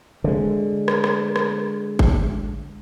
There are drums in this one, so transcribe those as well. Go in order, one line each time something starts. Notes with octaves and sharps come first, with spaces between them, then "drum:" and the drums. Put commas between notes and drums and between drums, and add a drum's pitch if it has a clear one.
D3 G#3
drum: rim click
drum: rim click
drum: rim click
drum: kick G1